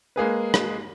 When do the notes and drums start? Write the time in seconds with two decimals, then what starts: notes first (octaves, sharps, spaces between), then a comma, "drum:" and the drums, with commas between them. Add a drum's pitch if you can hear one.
0.16 G#3 A#3 G#4 B4
0.54 drum: rim click